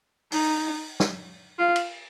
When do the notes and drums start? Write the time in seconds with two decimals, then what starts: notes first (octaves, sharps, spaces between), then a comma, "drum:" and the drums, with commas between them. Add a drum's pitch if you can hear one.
0.32 D#4, drum: open hi-hat
1.00 drum: snare
1.59 F4
1.76 drum: cymbal